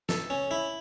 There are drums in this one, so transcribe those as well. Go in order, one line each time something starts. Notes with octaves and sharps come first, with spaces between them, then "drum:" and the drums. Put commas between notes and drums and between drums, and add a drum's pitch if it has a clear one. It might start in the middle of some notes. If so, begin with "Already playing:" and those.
A4, drum: snare
C#4
E4